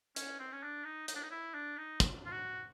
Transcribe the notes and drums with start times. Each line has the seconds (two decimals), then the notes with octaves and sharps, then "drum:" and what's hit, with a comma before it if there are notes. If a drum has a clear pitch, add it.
0.16 C#4, drum: hi-hat
0.39 C4
0.52 C#4
0.63 D4
0.85 D#4
1.08 D#4, drum: hi-hat
1.15 D4
1.22 D#4
1.31 E4
1.54 D4
1.78 D#4
2.00 drum: kick, hi-hat
2.26 F4
2.31 F#4